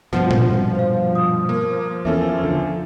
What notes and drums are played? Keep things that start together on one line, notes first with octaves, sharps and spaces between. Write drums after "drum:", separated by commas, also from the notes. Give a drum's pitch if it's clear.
G2 B2 F3 F#5
drum: tom A#2
C5 F5
D#6
A#3
E2 A#3 C#4 A4 E5
D3